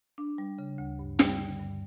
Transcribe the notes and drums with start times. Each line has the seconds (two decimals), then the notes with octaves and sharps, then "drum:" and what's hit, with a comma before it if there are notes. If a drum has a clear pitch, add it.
0.18 D4
0.38 G3
0.59 C#3
0.78 D2
0.99 G2
1.19 G3, drum: snare
1.40 D3
1.60 G2